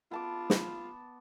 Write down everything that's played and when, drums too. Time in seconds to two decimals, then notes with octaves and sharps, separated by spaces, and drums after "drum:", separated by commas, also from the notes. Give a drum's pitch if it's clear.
0.11 B3 F4 A5 D6
0.50 drum: snare